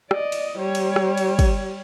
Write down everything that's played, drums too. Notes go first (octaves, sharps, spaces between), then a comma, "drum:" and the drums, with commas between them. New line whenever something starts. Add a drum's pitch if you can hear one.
D5 D#5, drum: rim click
drum: cymbal
G3 C#5
drum: cymbal
drum: rim click
drum: cymbal
drum: kick, cymbal